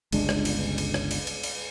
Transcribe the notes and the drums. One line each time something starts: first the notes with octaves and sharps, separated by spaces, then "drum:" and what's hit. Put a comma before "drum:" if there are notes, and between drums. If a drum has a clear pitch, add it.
G1 C#2 G#3 D4, drum: cymbal
drum: rim click
drum: cymbal
drum: cymbal
drum: rim click
drum: cymbal
drum: cymbal
drum: cymbal